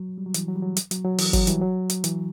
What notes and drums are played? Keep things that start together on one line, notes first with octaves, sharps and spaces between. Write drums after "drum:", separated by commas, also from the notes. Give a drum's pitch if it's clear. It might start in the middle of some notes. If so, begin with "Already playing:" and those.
Already playing: F#3
G3
F#3
E3, drum: hi-hat
F#3
G3
F#3
drum: hi-hat
F#3, drum: hi-hat
F#3
E3, drum: open hi-hat
F#3, drum: kick, hi-hat
E3 G3, drum: hi-hat
F#3
drum: hi-hat
E3, drum: hi-hat